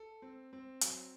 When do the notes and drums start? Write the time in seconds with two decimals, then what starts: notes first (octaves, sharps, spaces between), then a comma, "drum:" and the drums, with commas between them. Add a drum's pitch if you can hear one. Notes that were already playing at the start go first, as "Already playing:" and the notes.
Already playing: A4
0.22 C4
0.53 C4
0.81 F#3, drum: hi-hat